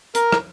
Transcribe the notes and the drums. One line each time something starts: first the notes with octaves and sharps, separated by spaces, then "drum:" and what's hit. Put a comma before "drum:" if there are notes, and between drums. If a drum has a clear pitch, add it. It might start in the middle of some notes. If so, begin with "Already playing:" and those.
A#4, drum: hi-hat
drum: rim click